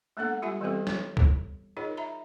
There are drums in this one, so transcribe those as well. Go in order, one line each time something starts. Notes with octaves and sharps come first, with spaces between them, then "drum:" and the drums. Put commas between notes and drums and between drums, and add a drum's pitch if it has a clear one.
G#3 A#3 B3 D4 A4 F#5
G3 F4 G4 E5 G#5
E3 G3 B3 C4 G4 A4
C#5, drum: snare
drum: kick
D#4 F4 G#4 A#4 C#5 D#5
E5 A#5 B5